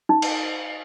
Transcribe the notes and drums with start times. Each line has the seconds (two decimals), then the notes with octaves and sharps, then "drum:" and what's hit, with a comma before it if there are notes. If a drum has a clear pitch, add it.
0.09 D#4
0.22 drum: cymbal